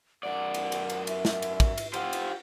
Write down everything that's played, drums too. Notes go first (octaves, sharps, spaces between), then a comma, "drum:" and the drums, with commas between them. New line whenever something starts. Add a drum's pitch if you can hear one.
F#2 D5 F#5
drum: cymbal
drum: cymbal
drum: cymbal
E5, drum: cymbal
drum: snare
drum: cymbal
drum: kick, cymbal
drum: cymbal
F4 G4 C5 F#5, drum: cymbal
drum: cymbal